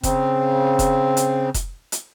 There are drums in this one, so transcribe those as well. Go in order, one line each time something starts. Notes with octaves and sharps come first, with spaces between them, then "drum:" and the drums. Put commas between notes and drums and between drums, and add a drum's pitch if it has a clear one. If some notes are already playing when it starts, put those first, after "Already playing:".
C#3 C4, drum: kick F1, hi-hat
drum: kick F1, hi-hat
drum: hi-hat
drum: kick F1, hi-hat
drum: hi-hat